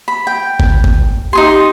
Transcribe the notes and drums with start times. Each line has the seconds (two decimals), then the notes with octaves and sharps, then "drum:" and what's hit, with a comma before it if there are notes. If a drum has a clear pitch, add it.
0.08 B5
0.27 G5
0.60 drum: kick G1
0.84 drum: kick G1
1.33 D#4 G4 G#4 C6